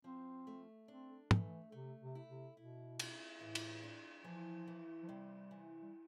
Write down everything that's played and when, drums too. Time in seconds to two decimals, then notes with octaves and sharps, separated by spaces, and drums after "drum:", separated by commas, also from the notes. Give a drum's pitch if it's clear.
0.04 F3 C4
0.47 A3
0.88 C4 D4
1.31 E3 A3, drum: tom
1.72 C3 A3
2.01 C3
2.15 E4
2.29 C3
2.57 B2 E4
3.00 E4, drum: cymbal
3.41 A2 E3
3.55 drum: cymbal
3.83 D4
4.24 E3 F3
4.67 E3
5.03 F3
5.09 C3 G3
5.51 E3
5.82 G3